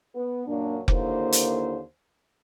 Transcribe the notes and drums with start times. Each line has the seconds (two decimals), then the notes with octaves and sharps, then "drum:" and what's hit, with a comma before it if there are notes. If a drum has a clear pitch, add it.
0.15 B3
0.47 F#2 A#2 A#3 D4
0.88 D#2 D3 A#3 E4 C5, drum: kick F1
1.32 drum: hi-hat